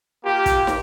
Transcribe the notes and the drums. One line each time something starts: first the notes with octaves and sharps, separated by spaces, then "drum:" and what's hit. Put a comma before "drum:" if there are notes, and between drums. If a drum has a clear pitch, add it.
A#3 F4 G4
drum: kick, hi-hat
drum: snare